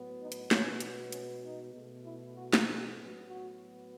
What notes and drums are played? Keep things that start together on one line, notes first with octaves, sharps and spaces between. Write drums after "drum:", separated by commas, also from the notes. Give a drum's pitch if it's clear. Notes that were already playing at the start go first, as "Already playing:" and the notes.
Already playing: A2 F#3 B3
D#4
drum: hi-hat
B2 G#3 B3 C#4, drum: snare
drum: hi-hat
C#4, drum: hi-hat
D#4
B2 A3
E4
F#4
drum: snare
G#4
A2 F#3 B3
F#4